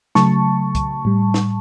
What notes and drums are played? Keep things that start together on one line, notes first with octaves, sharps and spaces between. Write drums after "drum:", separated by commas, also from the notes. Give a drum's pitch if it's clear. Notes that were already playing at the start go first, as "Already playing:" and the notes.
C#3 F#3 A3 A5 C#6, drum: snare
drum: kick C2, hi-hat
A2 G3
drum: snare